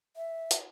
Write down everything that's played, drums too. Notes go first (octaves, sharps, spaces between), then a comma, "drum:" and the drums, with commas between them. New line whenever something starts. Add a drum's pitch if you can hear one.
E5
drum: hi-hat